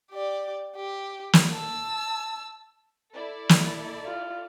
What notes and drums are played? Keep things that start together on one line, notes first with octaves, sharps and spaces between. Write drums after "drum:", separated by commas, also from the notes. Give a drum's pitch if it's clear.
G4 D5
G4
drum: snare
A5 E6
E4 A4 D5
drum: snare
F4